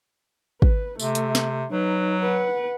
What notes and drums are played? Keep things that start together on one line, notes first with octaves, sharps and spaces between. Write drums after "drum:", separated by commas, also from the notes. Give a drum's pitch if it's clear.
B4, drum: kick
C3 A3, drum: tambourine
drum: hi-hat
drum: snare
F#3 D#4 B4
B4 F#5